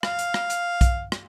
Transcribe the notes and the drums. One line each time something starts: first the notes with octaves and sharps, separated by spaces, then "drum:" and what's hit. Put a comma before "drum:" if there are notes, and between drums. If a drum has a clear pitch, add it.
F5, drum: rim click
drum: hi-hat
drum: rim click
drum: hi-hat
drum: kick B1, hi-hat
drum: rim click